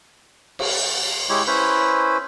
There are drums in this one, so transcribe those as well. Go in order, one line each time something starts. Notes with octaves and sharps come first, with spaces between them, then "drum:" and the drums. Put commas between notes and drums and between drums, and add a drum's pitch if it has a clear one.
drum: cymbal
G#3 E4 G4 C#5
C#4 E4 B4 C5 B5